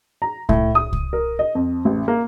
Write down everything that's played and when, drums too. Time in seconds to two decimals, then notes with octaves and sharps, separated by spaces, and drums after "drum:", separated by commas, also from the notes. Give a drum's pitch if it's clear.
0.22 A#5
0.49 A2, drum: kick C2
0.75 D#6
0.93 drum: kick C2
1.13 A#4
1.39 D#5
1.55 F2
1.85 A1
2.08 A#3